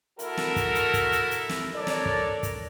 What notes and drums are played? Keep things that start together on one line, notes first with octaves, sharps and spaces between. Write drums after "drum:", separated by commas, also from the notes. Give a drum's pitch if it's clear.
A3 E4 F#4 A4 A#4, drum: hi-hat
drum: snare
drum: kick, hi-hat
drum: hi-hat
drum: kick, hi-hat
drum: hi-hat
drum: hi-hat
drum: snare
D4 A4 A#4 C#5 D5
drum: snare
drum: kick
drum: kick, hi-hat